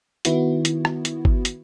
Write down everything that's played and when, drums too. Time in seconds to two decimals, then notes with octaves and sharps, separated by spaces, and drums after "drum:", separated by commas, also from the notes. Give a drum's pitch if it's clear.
0.25 D#3 B3 E4 F#4, drum: hi-hat
0.65 drum: hi-hat
0.85 drum: rim click
1.05 drum: hi-hat
1.25 drum: kick
1.45 drum: hi-hat